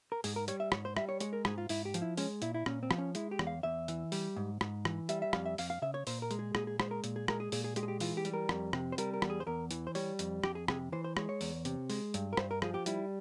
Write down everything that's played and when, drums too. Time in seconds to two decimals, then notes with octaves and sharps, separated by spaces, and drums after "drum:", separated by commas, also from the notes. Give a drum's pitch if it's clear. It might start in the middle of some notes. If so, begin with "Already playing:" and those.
0.12 A#4
0.24 G#2 G#4, drum: open hi-hat
0.36 A#4
0.48 G3 C#5, drum: hi-hat
0.60 E5
0.72 G#2 C#5, drum: rim click
0.85 C5
0.97 G3 E5, drum: rim click
1.09 C#5
1.20 G#3 C#5, drum: hi-hat
1.33 A#4
1.45 G#2 G#4, drum: rim click
1.58 F4
1.69 G#2 E4, drum: open hi-hat
1.85 G4
1.94 F3, drum: hi-hat
2.02 E4
2.17 G#3 C#4, drum: open hi-hat
2.42 A#2 E4, drum: hi-hat
2.54 E4
2.66 A#2 C#4, drum: rim click
2.83 C4
2.91 F3, drum: rim click
2.98 C#4
3.15 G#3 E4, drum: hi-hat
3.31 G4
3.39 E2, drum: rim click
3.47 F5
3.63 E2 E5
3.88 E3, drum: hi-hat
4.12 G3, drum: open hi-hat
4.36 G#2
4.61 G#2, drum: rim click
4.85 E3, drum: rim click
5.09 G3 E5, drum: hi-hat
5.22 E5
5.33 F2 F5, drum: rim click
5.46 E5
5.58 F2 F5, drum: open hi-hat
5.70 F5
5.82 C#3 E5
5.94 C#5
6.07 A#2 C5, drum: open hi-hat
6.22 A#4
6.31 G#3, drum: hi-hat
6.39 G#4
6.55 A#2 G#4, drum: rim click
6.67 G#4
6.80 G#3 C5, drum: rim click
6.91 A#4
7.04 A#2, drum: hi-hat
7.16 G#4
7.28 G#3 A#4, drum: rim click
7.40 G#4
7.52 A#2 G#4, drum: open hi-hat
7.64 G#4
7.76 G#3 G4, drum: hi-hat
7.83 G#4
7.88 G4
8.00 E3 F4, drum: open hi-hat
8.17 G4
8.25 G3, drum: hi-hat
8.33 A#4
8.49 F2, drum: rim click
8.73 C3, drum: rim click
8.92 C5
8.98 G3 A#4, drum: hi-hat
9.14 A#4
9.22 E2, drum: rim click
9.30 G#4
9.40 C5
9.46 E2 A#4
9.71 E3, drum: hi-hat
9.87 C5
9.95 G3 C#5, drum: open hi-hat
10.19 F2, drum: hi-hat
10.44 F2 G4, drum: rim click
10.55 G#4
10.68 C3 G#4, drum: rim click
10.92 E3 C5
11.04 C5
11.17 G#3 C#5, drum: rim click
11.29 C#5
11.41 E2, drum: open hi-hat
11.65 C3, drum: hi-hat
11.90 G#3, drum: open hi-hat
12.14 G2, drum: hi-hat
12.33 A#4
12.37 G2 C5, drum: rim click
12.51 A#4
12.62 F3 G#4, drum: rim click
12.74 G4
12.86 G3 E4, drum: hi-hat